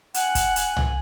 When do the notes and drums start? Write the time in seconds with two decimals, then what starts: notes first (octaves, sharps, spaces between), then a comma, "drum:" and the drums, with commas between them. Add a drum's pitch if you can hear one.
0.14 F#5 G#5 F#6, drum: hi-hat
0.35 drum: kick, hi-hat
0.56 drum: hi-hat
0.77 drum: tom